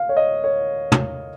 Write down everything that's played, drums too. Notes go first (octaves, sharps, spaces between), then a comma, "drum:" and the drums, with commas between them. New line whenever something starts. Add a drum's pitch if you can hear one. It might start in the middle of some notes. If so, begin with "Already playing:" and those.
Already playing: F5
C#5
D#5
C#5
drum: tom